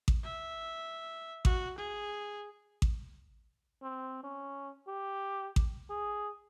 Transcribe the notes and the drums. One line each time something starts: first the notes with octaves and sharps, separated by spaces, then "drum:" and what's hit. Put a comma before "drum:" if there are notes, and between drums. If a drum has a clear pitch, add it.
drum: kick A1
E5
F#4, drum: kick A1
G#4
drum: kick A1
C4
C#4
G4
drum: kick A1
G#4